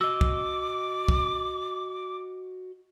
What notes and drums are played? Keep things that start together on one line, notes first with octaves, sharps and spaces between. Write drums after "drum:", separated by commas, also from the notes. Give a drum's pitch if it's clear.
F#4 D#5 D6 E6
drum: kick
drum: kick